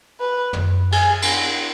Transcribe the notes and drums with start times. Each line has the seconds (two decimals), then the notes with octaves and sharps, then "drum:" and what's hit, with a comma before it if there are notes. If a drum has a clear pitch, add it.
0.20 B4
0.53 drum: tom
0.92 G#4, drum: cymbal
1.22 drum: cymbal